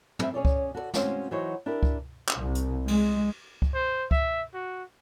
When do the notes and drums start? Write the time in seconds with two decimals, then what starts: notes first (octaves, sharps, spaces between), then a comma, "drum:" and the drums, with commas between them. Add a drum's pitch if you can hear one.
0.19 G3 C4 B4 E5, drum: tom
0.34 C#4 G#4 C#5 D5
0.45 drum: kick C#2
0.75 F#4 A4 A#4 D5
0.94 G#3 C4 C#4 F#4 C5 F5, drum: snare
1.31 E3 F#3 D#4 F#4 C5 C#5
1.66 D4 E4 G4 A#4
1.83 drum: kick C#2
2.29 drum: clap
2.38 C2
2.55 drum: hi-hat
2.88 G#3, drum: cymbal
3.62 drum: kick C#2
3.74 C5
4.11 E5, drum: kick C#2
4.54 F#4